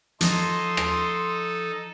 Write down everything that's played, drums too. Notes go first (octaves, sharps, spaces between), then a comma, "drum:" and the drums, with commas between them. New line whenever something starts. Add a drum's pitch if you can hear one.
F3 D#4 A4 C#5 D#5 C6, drum: hi-hat
drum: rim click